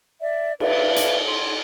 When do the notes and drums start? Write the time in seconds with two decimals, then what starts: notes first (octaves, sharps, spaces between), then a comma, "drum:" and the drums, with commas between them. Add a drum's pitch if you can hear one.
0.22 D5 E5
0.60 B4 D5 E5 F5, drum: cymbal
0.96 drum: hi-hat
1.24 C6